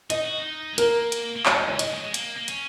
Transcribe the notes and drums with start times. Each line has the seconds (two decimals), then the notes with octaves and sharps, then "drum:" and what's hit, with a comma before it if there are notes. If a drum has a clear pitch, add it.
0.10 D#4 D#5, drum: hi-hat
0.24 F#4
0.38 D#4
0.74 G#3
0.78 A#3 A#4, drum: hi-hat
1.12 drum: hi-hat
1.36 A#3
1.46 G#3 C#5, drum: clap
1.58 D#5
1.68 C#3 C#5
1.79 D#3 D#5, drum: hi-hat
1.92 F#3
2.02 G#3
2.14 A#3, drum: hi-hat
2.37 A#3
2.48 C#4, drum: hi-hat